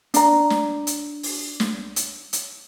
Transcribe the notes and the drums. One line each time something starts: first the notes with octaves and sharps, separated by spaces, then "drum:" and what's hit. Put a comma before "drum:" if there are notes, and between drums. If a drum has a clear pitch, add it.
D4 A#5, drum: hi-hat
drum: snare
drum: hi-hat
drum: open hi-hat
drum: snare
drum: hi-hat
drum: hi-hat